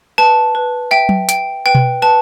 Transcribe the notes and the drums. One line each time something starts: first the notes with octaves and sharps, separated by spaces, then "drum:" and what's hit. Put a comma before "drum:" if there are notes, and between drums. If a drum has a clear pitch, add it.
B4 A5
B4
E5 G5
drum: tom F#3
G5, drum: hi-hat
B4 G5
drum: tom B2
B4 A5